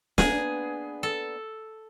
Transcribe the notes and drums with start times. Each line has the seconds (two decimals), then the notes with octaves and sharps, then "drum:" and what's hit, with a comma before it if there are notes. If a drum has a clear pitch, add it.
0.18 A#3 B3 D4 G#4, drum: snare
1.03 A4